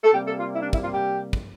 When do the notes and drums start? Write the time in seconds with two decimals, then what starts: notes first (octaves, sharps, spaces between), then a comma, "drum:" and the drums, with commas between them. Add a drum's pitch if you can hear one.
0.04 A4
0.13 C3 G3 A#3 G4
0.26 A4
0.40 F4
0.53 E4
0.62 D4
0.73 E4, drum: kick
0.83 F4
0.93 G4
1.33 drum: kick